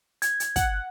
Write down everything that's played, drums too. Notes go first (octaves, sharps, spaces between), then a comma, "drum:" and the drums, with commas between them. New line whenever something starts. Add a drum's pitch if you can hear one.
G#6, drum: hi-hat
drum: hi-hat
F#5, drum: kick, hi-hat